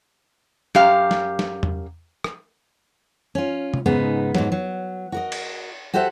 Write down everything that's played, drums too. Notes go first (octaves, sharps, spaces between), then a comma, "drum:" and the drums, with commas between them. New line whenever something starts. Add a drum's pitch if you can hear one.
F#2 G4 F5, drum: snare
drum: snare
drum: snare
drum: tom E2
drum: rim click
C#4 F4
drum: tom
G#2 C#3 B3 D#4
G#2 F#3, drum: snare
F#3
F#4 A#4 D#5
drum: cymbal
F#4 G4 A4 C5 E5 F#5